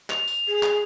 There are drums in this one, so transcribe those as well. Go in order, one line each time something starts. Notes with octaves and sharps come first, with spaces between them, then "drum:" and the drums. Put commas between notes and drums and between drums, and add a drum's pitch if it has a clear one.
F7, drum: clap
drum: tambourine
G#4
drum: clap